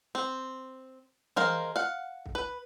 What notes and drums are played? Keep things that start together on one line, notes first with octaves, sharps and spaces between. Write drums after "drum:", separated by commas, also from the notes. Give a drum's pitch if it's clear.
C4
G#3 A#4 C5 F5, drum: tom E3
F5 F#5
drum: kick C2
B4